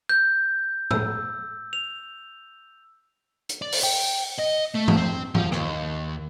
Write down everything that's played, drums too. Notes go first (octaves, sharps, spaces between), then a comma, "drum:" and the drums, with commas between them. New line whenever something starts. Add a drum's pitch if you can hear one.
G6
E6, drum: tom
F7
drum: hi-hat
D5
drum: open hi-hat
G5
D#5
A3
drum: tom
C4
F3, drum: tom
D#2, drum: rim click